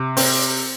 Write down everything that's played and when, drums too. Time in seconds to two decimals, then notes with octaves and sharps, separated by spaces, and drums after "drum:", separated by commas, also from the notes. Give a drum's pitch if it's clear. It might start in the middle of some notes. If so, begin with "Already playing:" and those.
Already playing: C3
0.17 C4, drum: open hi-hat